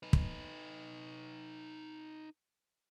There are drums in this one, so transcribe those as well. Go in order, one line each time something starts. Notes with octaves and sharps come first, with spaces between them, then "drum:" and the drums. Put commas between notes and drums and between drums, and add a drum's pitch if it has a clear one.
D#4 B4
drum: kick